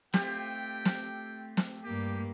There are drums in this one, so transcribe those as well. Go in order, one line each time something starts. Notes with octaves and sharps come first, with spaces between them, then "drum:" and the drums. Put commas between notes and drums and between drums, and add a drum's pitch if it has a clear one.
A3 C4 F4 G4 G5, drum: snare
drum: snare
drum: snare
G2 A#3 G4